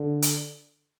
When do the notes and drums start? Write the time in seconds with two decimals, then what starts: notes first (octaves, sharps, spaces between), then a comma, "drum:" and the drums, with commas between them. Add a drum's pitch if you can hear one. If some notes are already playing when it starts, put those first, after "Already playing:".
Already playing: D3
0.22 drum: hi-hat